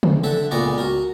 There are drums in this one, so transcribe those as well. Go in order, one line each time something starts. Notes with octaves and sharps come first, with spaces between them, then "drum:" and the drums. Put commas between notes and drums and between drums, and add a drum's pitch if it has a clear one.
drum: tom
D3 A4 E5 F#5
C#2 A#2 B3 D5 D#5 C#6
F#4 A#4